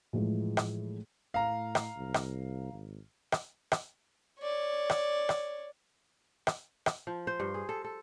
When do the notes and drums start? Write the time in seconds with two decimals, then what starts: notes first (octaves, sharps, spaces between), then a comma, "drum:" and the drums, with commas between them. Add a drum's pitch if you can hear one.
0.13 A2 E3 F3 G#3 F4
0.57 drum: rim click
1.34 A2 F5 A#5
1.75 drum: rim click
1.96 C2
2.14 drum: rim click
2.73 G#1
3.32 drum: rim click
3.72 drum: rim click
4.40 C#5 D5
4.90 drum: rim click
5.29 drum: rim click
6.47 drum: rim click
6.86 drum: rim click
7.07 F3
7.27 C5
7.40 G2
7.54 G#4
7.69 A4
7.84 A4